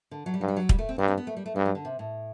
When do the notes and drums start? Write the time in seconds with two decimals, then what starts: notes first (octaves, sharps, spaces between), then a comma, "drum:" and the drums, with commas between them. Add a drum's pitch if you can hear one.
0.11 D3
0.26 F#3
0.34 G3
0.41 G2 F#3
0.48 G3
0.56 F#3
0.69 G3, drum: kick
0.79 A3
0.89 C4
0.98 G2 D4
1.08 C4
1.17 B3
1.27 A3
1.37 G3
1.46 A3
1.55 G2 G3
1.65 F#3
1.75 D3
1.85 C3
1.99 A2